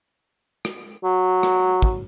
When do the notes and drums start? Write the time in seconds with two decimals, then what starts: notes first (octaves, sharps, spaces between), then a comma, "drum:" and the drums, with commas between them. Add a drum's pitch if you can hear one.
0.65 drum: rim click
1.04 F#3
1.43 drum: rim click
1.82 drum: kick